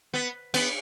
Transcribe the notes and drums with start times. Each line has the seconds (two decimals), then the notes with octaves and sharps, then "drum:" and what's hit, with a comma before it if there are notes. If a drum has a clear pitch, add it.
0.14 B3
0.54 B3, drum: cymbal